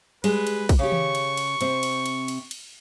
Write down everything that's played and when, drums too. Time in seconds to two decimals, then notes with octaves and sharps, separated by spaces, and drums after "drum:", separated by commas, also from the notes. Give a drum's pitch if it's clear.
0.24 G3 G#3 B4, drum: cymbal
0.47 drum: cymbal
0.69 drum: kick, cymbal
0.79 C#3 G4 C#6
0.92 drum: tom D#3
1.15 drum: cymbal
1.37 drum: cymbal
1.61 C3 C4, drum: cymbal
1.83 drum: cymbal
2.06 drum: cymbal
2.28 drum: cymbal
2.51 drum: cymbal